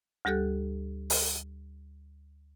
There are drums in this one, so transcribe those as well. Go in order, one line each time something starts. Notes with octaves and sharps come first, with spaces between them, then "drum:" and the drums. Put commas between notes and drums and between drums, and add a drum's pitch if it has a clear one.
D2 G3 G4 A4 F#6
drum: open hi-hat